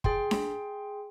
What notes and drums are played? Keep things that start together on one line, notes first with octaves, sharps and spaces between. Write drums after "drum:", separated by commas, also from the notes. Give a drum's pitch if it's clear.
G#4 G5 C6, drum: kick
drum: snare D4